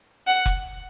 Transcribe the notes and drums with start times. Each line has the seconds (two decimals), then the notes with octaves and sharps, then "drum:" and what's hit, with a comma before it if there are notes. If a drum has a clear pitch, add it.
0.27 F#5
0.46 drum: kick F1, hi-hat